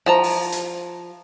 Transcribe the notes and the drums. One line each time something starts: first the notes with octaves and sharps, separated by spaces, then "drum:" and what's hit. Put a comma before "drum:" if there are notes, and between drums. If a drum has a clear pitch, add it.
F3 A5 A#5
drum: open hi-hat
drum: hi-hat